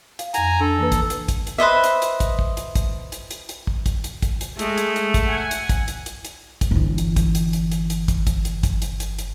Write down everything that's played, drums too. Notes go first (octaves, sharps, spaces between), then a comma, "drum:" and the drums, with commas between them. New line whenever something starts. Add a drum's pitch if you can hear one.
F5, drum: hi-hat
F2 F#5 G#5 A#5, drum: hi-hat
D4 A4
E3 A#3 B4
drum: kick, hi-hat
drum: hi-hat
drum: kick, hi-hat
drum: hi-hat
B4 C5 D#5 E5
drum: hi-hat
drum: hi-hat
drum: kick, hi-hat
drum: kick
drum: hi-hat
drum: kick, hi-hat
drum: hi-hat
drum: hi-hat
drum: hi-hat
drum: kick
drum: kick, hi-hat
drum: hi-hat
drum: kick, hi-hat
drum: hi-hat
G#3 A3, drum: hi-hat
drum: hi-hat
drum: hi-hat
drum: kick, hi-hat
F#5 G#5
drum: hi-hat
drum: kick, hi-hat
drum: hi-hat
drum: hi-hat
drum: hi-hat
drum: kick, hi-hat
G1 E3
drum: hi-hat
drum: kick, hi-hat
drum: hi-hat
drum: hi-hat
drum: hi-hat
drum: hi-hat
drum: kick, hi-hat
drum: kick, hi-hat
drum: hi-hat
drum: kick, hi-hat
drum: hi-hat
drum: hi-hat
drum: hi-hat